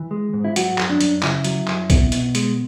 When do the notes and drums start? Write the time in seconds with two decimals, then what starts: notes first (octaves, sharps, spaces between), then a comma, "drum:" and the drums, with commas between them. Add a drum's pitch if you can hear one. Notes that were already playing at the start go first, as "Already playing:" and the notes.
Already playing: E3
0.11 G#3
0.33 G#2
0.44 E4
0.56 F#3 F#4, drum: hi-hat
0.78 F#2, drum: clap
0.90 D4
1.01 F#2, drum: hi-hat
1.23 C#3 E4, drum: clap
1.44 F#3, drum: hi-hat
1.68 F#2, drum: clap
1.90 B2, drum: kick, hi-hat
2.12 B2, drum: hi-hat
2.35 G#3, drum: hi-hat